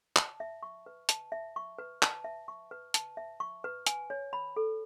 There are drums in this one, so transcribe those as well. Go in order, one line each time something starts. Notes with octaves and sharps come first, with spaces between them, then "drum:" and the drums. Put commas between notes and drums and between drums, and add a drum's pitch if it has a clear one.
A5, drum: clap
E5
C#6
B4
A5, drum: hi-hat
E5
C#6
B4
A5, drum: clap
E5
C#6
B4
A5, drum: hi-hat
E5
C#6
B4
G#5, drum: hi-hat
C#5
B5
A4